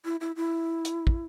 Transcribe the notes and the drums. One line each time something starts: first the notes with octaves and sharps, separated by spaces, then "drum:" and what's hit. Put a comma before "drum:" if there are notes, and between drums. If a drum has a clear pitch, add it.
E4
E4
E4
drum: hi-hat
drum: kick